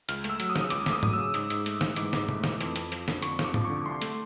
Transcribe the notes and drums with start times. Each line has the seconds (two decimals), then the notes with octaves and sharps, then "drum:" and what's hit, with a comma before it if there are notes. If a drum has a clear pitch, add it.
0.09 C#2 F6, drum: hi-hat
0.24 A3, drum: hi-hat
0.30 E6
0.40 F#3, drum: hi-hat
0.50 D#6
0.56 C#3, drum: snare
0.61 D#6
0.70 C#2 D6, drum: hi-hat
0.86 A3, drum: snare
0.93 D#6
1.03 F#3 D#6, drum: tom
1.13 C#3 E6
1.34 G#2 D#6, drum: hi-hat
1.50 G#2, drum: hi-hat
1.66 A3, drum: hi-hat
1.81 E3, drum: snare
1.96 G#2 D6, drum: hi-hat
2.13 G#2, drum: snare
2.29 A3, drum: tom B2
2.44 E3, drum: snare
2.61 F2, drum: hi-hat
2.76 F2, drum: hi-hat
2.92 F3, drum: hi-hat
3.08 D3, drum: snare
3.22 F2 C#6, drum: hi-hat
3.39 F2, drum: snare
3.45 D6
3.54 F3, drum: tom G#2
3.65 D3 C#6
3.86 C2 C6
4.02 A3, drum: hi-hat